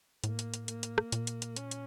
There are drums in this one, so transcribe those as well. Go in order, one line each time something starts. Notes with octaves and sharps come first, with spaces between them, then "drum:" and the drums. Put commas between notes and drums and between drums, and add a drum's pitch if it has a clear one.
A2 A#3, drum: hi-hat
drum: hi-hat
drum: hi-hat
A#3, drum: hi-hat
drum: hi-hat
drum: rim click
A#2, drum: hi-hat
drum: hi-hat
drum: hi-hat
C#4, drum: hi-hat
drum: hi-hat